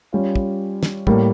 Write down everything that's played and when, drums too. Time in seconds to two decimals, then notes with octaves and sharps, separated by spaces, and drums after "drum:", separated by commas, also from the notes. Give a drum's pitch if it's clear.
0.13 G3 C#4 F4
0.35 drum: kick
0.83 drum: snare
1.07 A2 G3 A#3, drum: kick